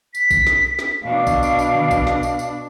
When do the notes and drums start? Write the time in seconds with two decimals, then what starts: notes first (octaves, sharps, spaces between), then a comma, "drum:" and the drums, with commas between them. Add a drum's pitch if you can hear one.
0.15 B6, drum: tambourine
0.31 drum: kick A#1, tambourine
0.47 drum: snare
0.79 drum: snare
1.03 B2 D4 F5
1.27 drum: kick A#1, tambourine
1.43 drum: tambourine
1.59 drum: tambourine
1.75 drum: tom D3
1.91 drum: kick A#1, tambourine
2.07 drum: snare
2.23 drum: tambourine
2.39 drum: tambourine